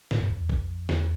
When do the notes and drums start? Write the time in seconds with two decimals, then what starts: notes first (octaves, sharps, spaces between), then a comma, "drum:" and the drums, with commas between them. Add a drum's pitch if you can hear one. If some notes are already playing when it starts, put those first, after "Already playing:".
0.11 A2, drum: snare
0.20 G2
0.30 F2
0.40 E2
0.49 F2, drum: kick
0.89 E2, drum: snare